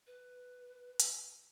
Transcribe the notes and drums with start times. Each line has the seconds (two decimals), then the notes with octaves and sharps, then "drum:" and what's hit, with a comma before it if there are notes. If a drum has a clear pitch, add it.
0.07 B4
1.00 drum: hi-hat